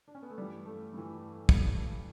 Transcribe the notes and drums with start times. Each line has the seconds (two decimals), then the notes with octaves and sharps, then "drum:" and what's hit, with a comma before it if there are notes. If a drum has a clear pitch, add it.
0.08 D4
0.15 C#4
0.22 B3
0.30 A3
0.38 G2 E3 G3
0.65 A3
0.93 G2 E3
1.49 G2 E3, drum: kick